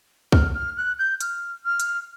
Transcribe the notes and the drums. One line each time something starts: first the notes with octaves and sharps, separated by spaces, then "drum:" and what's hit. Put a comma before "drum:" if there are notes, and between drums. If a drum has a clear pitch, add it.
F6, drum: kick C2
F6
F#6
G6
F6, drum: hi-hat
F6
drum: hi-hat